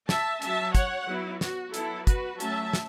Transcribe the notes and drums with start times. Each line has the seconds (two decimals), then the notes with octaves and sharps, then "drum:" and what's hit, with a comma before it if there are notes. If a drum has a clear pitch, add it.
0.09 E5 A5, drum: snare
0.42 F#3 C#4 E5 A5, drum: hi-hat
0.75 C#5 F#5, drum: kick, hi-hat
1.08 F#3 B3 E4
1.41 F#4, drum: snare
1.74 F#3 B3 E4 A4, drum: hi-hat
2.07 F#4 B4, drum: kick, hi-hat
2.40 F#3 A3 C#4 E5 A5, drum: hi-hat
2.73 drum: snare